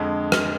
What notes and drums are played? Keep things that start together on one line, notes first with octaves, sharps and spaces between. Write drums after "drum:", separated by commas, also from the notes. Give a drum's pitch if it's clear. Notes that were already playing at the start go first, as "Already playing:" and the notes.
Already playing: F2 D3 G#3
F6, drum: rim click